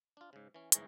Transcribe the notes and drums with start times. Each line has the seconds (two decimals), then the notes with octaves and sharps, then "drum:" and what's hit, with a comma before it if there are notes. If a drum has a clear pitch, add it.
0.17 D4 F4
0.33 G#2 C#3
0.54 E3 C#4
0.72 G1 G#2 E3 G#4 C#5 A#5, drum: hi-hat